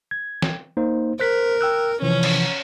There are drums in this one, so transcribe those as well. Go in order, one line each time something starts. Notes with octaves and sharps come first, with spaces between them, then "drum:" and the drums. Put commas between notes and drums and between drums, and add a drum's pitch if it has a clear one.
G#6
drum: snare E3
A#3 D#4 C5
A#4 C5 F#6 B6
G5 E6 F#6
C3 E3 F3 C#4
drum: cymbal